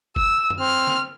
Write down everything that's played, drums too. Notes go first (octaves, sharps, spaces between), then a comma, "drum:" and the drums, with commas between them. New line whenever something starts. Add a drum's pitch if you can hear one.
E6, drum: kick F#1
drum: tom
C4 F6
drum: snare